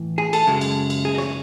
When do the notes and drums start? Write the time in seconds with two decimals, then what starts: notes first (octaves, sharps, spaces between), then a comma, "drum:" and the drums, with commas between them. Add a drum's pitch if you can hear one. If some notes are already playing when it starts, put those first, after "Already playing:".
Already playing: A2 E3
0.18 G#4
0.33 A4, drum: cymbal
0.47 F#2 C#3 G#3
0.61 drum: cymbal
0.90 drum: cymbal
1.05 G#4
1.15 D#5
1.18 C#5, drum: snare